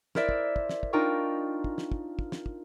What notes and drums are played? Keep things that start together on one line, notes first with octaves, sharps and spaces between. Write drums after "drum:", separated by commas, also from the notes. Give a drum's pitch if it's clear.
E4 A#4 C5 D5 E5, drum: snare
drum: kick
drum: kick
drum: snare
drum: kick
D4 D#4 F4 A#4 G5 C#6
drum: kick
drum: snare
drum: kick
drum: kick
drum: snare
drum: kick